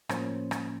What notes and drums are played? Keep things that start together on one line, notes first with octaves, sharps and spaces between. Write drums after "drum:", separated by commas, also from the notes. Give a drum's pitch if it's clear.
A2 F3 A#3 C#4 C5, drum: rim click
drum: rim click